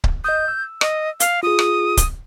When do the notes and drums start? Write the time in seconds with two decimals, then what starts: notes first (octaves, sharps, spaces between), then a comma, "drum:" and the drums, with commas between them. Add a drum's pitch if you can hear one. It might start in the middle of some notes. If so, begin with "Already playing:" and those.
0.04 drum: kick C#1
0.24 D#5 D#6 G6
0.48 E6
0.81 D#5, drum: rim click
1.20 F5, drum: hi-hat
1.43 F4 G#4 D#6
1.59 drum: rim click
1.97 drum: kick C#1, hi-hat